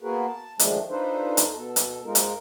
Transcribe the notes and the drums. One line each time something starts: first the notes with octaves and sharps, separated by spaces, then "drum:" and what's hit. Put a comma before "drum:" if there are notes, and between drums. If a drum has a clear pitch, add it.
A#3 B3 F#4 G#4 A#4 B4
A5
D#3 F3 G#3 A3 D4, drum: hi-hat
D4 D#4 F4 A4 B4 C5
drum: hi-hat
B2 A4
drum: hi-hat
G#2 G#3 D#4 F4 A#4
drum: hi-hat